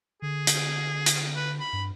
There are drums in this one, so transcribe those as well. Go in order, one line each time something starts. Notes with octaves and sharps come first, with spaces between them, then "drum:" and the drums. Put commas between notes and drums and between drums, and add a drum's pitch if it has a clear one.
D3 G#4
drum: hi-hat
drum: hi-hat
B4
B5
G2